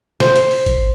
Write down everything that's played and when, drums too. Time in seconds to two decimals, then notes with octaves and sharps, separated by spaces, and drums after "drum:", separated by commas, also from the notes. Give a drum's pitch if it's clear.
0.20 C5, drum: snare
0.36 drum: hi-hat
0.51 drum: open hi-hat
0.66 drum: kick G#1, hi-hat